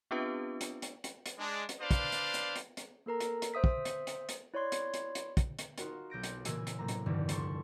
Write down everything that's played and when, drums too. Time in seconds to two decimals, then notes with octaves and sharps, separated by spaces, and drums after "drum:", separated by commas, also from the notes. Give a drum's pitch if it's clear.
0.11 B3 C4 D4 F4 G4 B4
0.61 drum: hi-hat
0.82 drum: hi-hat
1.04 drum: hi-hat
1.26 drum: hi-hat
1.39 G#3 D4
1.69 drum: hi-hat
1.80 D4 B4 C5 D5 F5
1.91 drum: kick, hi-hat
2.12 drum: hi-hat
2.34 drum: hi-hat
2.56 drum: hi-hat
2.77 drum: hi-hat
3.06 A#3 A4 A#4 A#5
3.20 drum: hi-hat
3.42 drum: hi-hat
3.54 C5 E5 D#6 B6
3.64 drum: kick
3.85 drum: hi-hat
4.07 drum: hi-hat
4.29 drum: hi-hat
4.54 E4 C#5 D5 C6 G#6
4.72 drum: hi-hat
4.94 drum: hi-hat
5.15 drum: hi-hat
5.37 drum: kick, hi-hat
5.59 drum: hi-hat
5.78 D#4 F4 F#4 A#4, drum: hi-hat
6.10 B1 G6 A#6 D7
6.24 drum: hi-hat
6.45 A#2 C#3 E3 A#3 G#5 E6, drum: hi-hat
6.67 drum: hi-hat
6.79 A2 C3 F#3 A#3 A#5
6.88 drum: hi-hat
7.06 F1 B1 E2 G2 D3 D#3
7.29 D2 A4 C6 C#6, drum: hi-hat